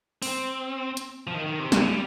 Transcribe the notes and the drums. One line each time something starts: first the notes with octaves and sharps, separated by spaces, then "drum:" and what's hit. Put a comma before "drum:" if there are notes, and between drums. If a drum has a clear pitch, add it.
C4, drum: open hi-hat
drum: hi-hat
F3
D#3
D#3
C3
C3, drum: snare
C#3
G3